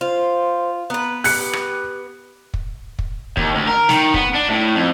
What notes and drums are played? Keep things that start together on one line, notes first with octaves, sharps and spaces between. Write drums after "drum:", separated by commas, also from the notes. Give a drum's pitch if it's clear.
F4 C5
B3 B4 A#5
G4 F#6 C#7, drum: open hi-hat
drum: rim click
drum: kick
drum: kick
D#2, drum: kick
D2
A#4
D#3, drum: snare
B3, drum: kick
D4
A2
F2